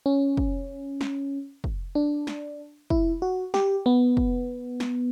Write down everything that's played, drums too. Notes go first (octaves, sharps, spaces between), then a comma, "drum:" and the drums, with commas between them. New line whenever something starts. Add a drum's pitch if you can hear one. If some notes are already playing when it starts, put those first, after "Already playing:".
C#4
drum: kick
drum: snare
drum: kick
D4
drum: snare
E4, drum: kick
F#4
G4, drum: snare
B3
drum: kick
drum: snare